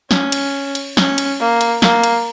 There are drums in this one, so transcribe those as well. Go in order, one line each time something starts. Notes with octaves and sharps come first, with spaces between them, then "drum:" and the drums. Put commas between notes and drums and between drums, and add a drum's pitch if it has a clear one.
C#4, drum: snare
drum: cymbal
drum: cymbal
C#4, drum: snare
drum: cymbal
A#3
drum: cymbal
A#3, drum: snare
drum: cymbal